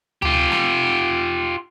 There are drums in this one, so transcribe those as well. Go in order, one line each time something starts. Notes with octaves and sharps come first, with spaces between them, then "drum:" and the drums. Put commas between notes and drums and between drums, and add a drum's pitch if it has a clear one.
F4 G4, drum: tom D2
drum: snare